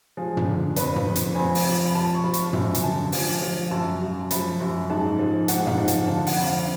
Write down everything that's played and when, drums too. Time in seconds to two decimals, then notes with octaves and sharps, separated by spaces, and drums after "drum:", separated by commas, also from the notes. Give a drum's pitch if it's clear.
0.17 F3 G#4
0.37 drum: tom
0.47 D3
0.76 F2 B4, drum: hi-hat
0.96 drum: tom
1.05 F2
1.16 drum: hi-hat
1.35 F2 G#5
1.55 drum: open hi-hat
1.64 F3
1.86 B5
1.95 F3 A5
2.15 C#6
2.24 F3 B5
2.34 drum: hi-hat
2.53 F#2, drum: tom
2.75 G#5, drum: hi-hat
2.83 D3 A5
3.12 F3 G#5, drum: open hi-hat
3.41 F3
3.71 F#2 A5
4.01 F#2
4.31 F3 B5, drum: hi-hat
4.60 F#2
4.90 G#2 A5
5.19 F3
5.48 G#2 F#5, drum: hi-hat
5.67 F5, drum: tom
5.77 F3 F#5
5.88 drum: hi-hat
6.07 D3 A5
6.27 F#5, drum: open hi-hat
6.37 F2
6.46 F5